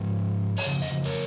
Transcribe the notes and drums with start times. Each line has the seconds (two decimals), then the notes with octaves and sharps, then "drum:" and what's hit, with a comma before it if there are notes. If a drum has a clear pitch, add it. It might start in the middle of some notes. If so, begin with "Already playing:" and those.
Already playing: G#2 F3
0.58 F2 C#3 C#5, drum: open hi-hat
0.82 C5 D#5
1.05 A#4 C#5